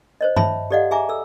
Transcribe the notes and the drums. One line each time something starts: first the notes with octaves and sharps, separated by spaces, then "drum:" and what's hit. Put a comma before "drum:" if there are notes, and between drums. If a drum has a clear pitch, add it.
C5 C#5 D#5
C#5 E5 A5 B5, drum: tom G2
G4 A4 D5 D#5 F5 F#5
G#4 E5 G#5 A#5 D6
A4 E6